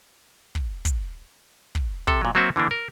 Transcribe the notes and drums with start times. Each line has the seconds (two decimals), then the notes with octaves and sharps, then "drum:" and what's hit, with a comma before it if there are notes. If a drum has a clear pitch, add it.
0.55 drum: kick
0.85 drum: kick, hi-hat
1.75 drum: kick
2.07 C3 A4, drum: kick
2.21 A#2 F#3
2.35 F#3 A#3 C4 F#4 E5
2.56 D3 E3 A#3 D4
2.71 A#4